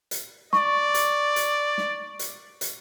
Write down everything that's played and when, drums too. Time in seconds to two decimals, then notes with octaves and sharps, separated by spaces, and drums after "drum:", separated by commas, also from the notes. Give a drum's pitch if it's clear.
0.11 drum: hi-hat
0.53 D5 C#6, drum: snare
0.94 drum: hi-hat
1.36 drum: hi-hat
1.78 drum: snare
2.19 drum: hi-hat
2.61 drum: hi-hat